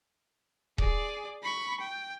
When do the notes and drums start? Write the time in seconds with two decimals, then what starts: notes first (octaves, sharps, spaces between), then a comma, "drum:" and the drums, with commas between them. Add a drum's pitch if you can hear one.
0.78 G#4 D5, drum: kick D#1
1.43 B5 C#6
1.80 G5